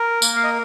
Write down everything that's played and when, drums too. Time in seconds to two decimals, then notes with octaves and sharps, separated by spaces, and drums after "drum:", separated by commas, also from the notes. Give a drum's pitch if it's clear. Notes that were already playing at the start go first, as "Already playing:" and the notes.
Already playing: A#4
0.22 A#3, drum: tambourine
0.36 F5
0.44 D#5